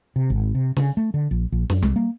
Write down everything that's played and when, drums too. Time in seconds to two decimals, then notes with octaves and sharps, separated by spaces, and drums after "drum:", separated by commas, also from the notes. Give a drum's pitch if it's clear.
0.16 C3
0.30 G#1
0.55 C3
0.77 C#3, drum: snare
0.97 A3
1.14 D3
1.31 A#1
1.52 A#1
1.70 F#2, drum: snare
1.82 C2, drum: tom G3
1.96 A#3